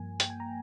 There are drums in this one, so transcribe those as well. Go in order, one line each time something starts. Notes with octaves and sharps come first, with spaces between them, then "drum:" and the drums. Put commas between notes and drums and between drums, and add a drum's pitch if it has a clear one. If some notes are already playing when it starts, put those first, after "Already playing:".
Already playing: G2 F3 A#3 G#5
G5, drum: hi-hat
G#5
A#5